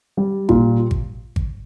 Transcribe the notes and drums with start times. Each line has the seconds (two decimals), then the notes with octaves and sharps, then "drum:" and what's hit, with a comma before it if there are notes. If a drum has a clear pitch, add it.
0.17 G3
0.49 A#2, drum: kick G#1
0.91 drum: kick G#1
1.36 drum: kick G#1